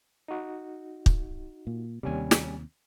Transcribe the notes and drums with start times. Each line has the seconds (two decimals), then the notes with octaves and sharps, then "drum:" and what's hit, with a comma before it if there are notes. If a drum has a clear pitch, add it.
0.28 D#4 F#4
1.06 drum: kick
1.67 A#2
2.03 D#2 C3 G3 C#4 G#5
2.31 drum: snare